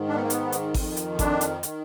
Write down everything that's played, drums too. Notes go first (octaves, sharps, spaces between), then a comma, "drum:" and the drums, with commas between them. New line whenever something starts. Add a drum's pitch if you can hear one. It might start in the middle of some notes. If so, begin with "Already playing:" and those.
Already playing: G#2 D#3
D4
B3
A#3
B3, drum: hi-hat
drum: hi-hat
F2 D#3, drum: kick G#1, open hi-hat
drum: hi-hat
D4, drum: kick G#1, hi-hat
drum: hi-hat
D#3, drum: hi-hat